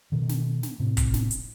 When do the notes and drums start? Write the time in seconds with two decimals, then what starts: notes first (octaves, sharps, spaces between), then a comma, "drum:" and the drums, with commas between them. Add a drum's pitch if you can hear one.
0.12 B2 D#3
0.29 drum: snare
0.63 drum: snare
0.80 A2 C3
0.97 drum: kick, hi-hat
1.14 drum: snare
1.31 drum: hi-hat